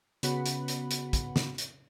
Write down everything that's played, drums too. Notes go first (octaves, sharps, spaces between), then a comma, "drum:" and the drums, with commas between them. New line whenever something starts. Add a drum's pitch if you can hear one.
C#3 B3 F#4 F#5 B5, drum: hi-hat
drum: hi-hat
drum: hi-hat
drum: hi-hat
drum: kick, hi-hat
drum: snare
drum: hi-hat